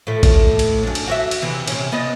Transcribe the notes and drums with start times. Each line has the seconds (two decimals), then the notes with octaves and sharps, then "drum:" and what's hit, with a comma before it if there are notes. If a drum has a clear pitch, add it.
0.07 A2 F3 A3
0.23 drum: kick A1, cymbal
0.59 drum: cymbal
0.83 F#2 D4
0.95 drum: cymbal
1.07 F#4 C#5 E5
1.31 drum: cymbal
1.42 E2 C3 E3
1.68 C3 C#4, drum: cymbal
1.92 B3 D5 D#5